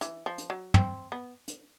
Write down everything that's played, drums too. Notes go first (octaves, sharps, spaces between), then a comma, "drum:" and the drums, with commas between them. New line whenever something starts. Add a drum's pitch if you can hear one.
E3, drum: hi-hat
F3
drum: hi-hat
F#3
C4, drum: tom
B3
drum: hi-hat